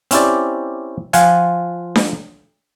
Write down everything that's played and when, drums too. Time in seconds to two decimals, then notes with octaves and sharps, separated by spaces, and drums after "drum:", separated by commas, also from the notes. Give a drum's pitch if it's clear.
0.11 C4 C#4 E4 G4 D5, drum: hi-hat
1.13 F3 F4 F#5 G#5, drum: hi-hat
1.96 drum: snare D4